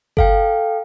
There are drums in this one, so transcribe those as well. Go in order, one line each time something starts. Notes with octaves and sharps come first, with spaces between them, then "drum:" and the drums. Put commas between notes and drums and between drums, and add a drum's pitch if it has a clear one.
A4 F5 G5, drum: kick G1